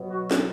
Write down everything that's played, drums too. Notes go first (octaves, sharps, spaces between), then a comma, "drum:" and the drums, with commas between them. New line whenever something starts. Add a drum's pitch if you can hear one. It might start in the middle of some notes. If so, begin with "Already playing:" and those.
Already playing: B2 F#3 B3
F#4
drum: snare